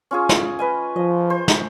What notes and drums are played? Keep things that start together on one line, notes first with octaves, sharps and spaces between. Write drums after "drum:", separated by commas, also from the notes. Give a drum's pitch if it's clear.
C#4 F4 G#4
drum: snare
B4 D#5 G#5
F3 D#5
C5
drum: snare